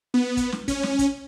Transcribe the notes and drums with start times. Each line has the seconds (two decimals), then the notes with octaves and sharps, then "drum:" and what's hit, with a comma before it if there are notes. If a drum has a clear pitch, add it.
0.14 B3
0.37 drum: kick, hi-hat
0.52 drum: snare
0.68 C#4, drum: kick, hi-hat
0.83 drum: snare
0.99 drum: kick, hi-hat